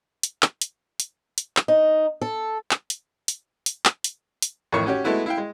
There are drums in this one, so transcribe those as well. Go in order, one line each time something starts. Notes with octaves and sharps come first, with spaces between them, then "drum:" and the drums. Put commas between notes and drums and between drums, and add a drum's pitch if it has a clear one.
drum: hi-hat
drum: clap
drum: hi-hat
drum: hi-hat
drum: hi-hat
drum: clap
D#4
A4
drum: clap
drum: hi-hat
drum: hi-hat
drum: hi-hat
drum: clap
drum: hi-hat
drum: hi-hat
A1 F2 A2 D#3 C#5 C#6
C#4 F#4 G4 C#5
G#3 A3 B3 E4 F#4
E4 F5 G5
G#3